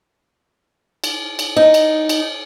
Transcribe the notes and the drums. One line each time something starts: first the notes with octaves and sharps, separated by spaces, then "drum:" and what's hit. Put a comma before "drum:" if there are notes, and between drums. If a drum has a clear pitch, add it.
drum: cymbal
drum: cymbal
D#4
drum: cymbal
drum: cymbal